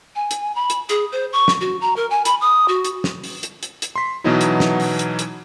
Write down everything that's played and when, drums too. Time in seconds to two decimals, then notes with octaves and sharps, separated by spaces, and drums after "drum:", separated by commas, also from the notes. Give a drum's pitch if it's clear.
0.15 G#5
0.31 drum: hi-hat
0.55 B5
0.70 drum: hi-hat
0.89 G#4, drum: hi-hat
1.12 C5
1.33 C#6
1.48 drum: snare
1.61 F#4
1.81 A#5
1.96 A#4
2.10 G#5
2.25 B5, drum: hi-hat
2.41 D#6
2.68 F#4
2.85 drum: hi-hat
3.04 drum: snare
3.24 drum: open hi-hat
3.43 drum: hi-hat
3.63 drum: hi-hat
3.82 drum: hi-hat
3.96 C6 B6
4.24 B2 E3 F#3 B3 D#4 E4
4.41 drum: hi-hat
4.60 drum: snare
4.80 drum: open hi-hat
4.99 drum: hi-hat
5.19 drum: hi-hat